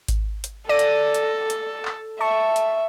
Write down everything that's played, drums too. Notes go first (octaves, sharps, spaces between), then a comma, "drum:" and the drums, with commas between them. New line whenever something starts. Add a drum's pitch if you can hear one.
drum: kick G#1, hi-hat
drum: hi-hat
A4 D5 A#6 D#7
drum: hi-hat
drum: hi-hat
drum: hi-hat
drum: clap
E5 A5 C#6
drum: hi-hat